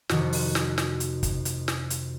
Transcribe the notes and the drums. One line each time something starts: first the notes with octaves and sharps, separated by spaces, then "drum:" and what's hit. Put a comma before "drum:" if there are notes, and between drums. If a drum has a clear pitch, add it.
F2 C3 D#3 F#4, drum: snare
drum: open hi-hat
drum: snare
drum: snare
drum: hi-hat
drum: kick, hi-hat
drum: hi-hat
drum: snare
drum: hi-hat